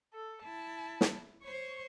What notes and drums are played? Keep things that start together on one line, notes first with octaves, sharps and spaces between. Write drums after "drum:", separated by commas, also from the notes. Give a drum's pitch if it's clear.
A4
E4 A5
drum: snare
C5 C#5 C#6